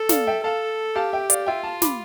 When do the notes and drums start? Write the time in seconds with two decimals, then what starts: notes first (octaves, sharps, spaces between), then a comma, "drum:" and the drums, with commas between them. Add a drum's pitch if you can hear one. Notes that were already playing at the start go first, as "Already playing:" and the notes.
Already playing: A4
0.09 D5 F5, drum: snare
0.27 E5 G5
0.44 A4 F5 A5
0.95 G4 F5 A5
1.13 E5 G5
1.30 D5 F5, drum: hi-hat
1.46 F4 E5 G5
1.63 F5 A5
1.82 B5 D6, drum: snare